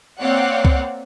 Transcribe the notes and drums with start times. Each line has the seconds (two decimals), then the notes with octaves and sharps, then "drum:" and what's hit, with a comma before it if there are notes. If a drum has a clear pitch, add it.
0.21 A#3 C4 C#5 D5 F5 F#5
0.65 drum: kick C2